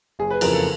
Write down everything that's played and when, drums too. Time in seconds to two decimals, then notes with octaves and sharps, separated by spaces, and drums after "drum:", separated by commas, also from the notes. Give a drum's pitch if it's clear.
0.19 F#1 G#4
0.30 B4
0.41 F2 C#3 E3 A#4, drum: cymbal
0.53 A4